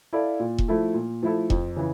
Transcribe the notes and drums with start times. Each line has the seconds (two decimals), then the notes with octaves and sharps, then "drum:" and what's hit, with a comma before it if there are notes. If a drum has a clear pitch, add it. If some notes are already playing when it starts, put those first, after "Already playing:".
0.13 E4 A4 D5 F5
0.40 A#2
0.58 drum: kick E1
0.68 F3 A3 E4 A4
0.94 A#2
1.23 F3 A3 E4 A4
1.50 F2, drum: kick E1
1.76 C#3 E3